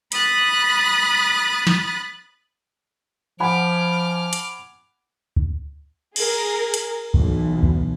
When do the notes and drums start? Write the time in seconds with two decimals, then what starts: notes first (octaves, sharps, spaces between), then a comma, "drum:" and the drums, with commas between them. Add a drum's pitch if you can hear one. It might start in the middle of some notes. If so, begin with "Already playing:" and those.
0.12 B5 D#6 F#6 A6, drum: hi-hat
1.67 drum: snare
3.40 F3 F#5 G#5 B5 D6 F6
4.33 drum: hi-hat
5.36 drum: kick
6.16 G#4 A#4, drum: cymbal
6.74 drum: hi-hat
7.14 B1 E3, drum: kick
7.63 drum: kick